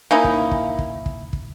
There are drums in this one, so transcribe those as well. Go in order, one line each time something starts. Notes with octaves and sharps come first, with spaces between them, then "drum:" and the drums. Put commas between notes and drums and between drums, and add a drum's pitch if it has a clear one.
A#3 C#4 D#4 E4
drum: kick
drum: kick
drum: kick
drum: kick
drum: kick